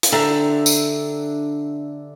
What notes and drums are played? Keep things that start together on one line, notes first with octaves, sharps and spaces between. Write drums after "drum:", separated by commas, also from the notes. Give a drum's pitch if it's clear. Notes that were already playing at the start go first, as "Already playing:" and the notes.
drum: hi-hat
D3 D4 G4 E5 A#5
drum: tambourine